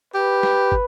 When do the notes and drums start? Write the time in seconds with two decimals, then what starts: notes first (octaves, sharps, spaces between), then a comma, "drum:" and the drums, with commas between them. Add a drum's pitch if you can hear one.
0.14 G4 B4
0.43 drum: snare
0.72 drum: kick